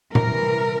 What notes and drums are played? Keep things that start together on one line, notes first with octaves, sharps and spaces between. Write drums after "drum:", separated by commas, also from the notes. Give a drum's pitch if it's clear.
C3 E3 G3 A#4, drum: tom A#2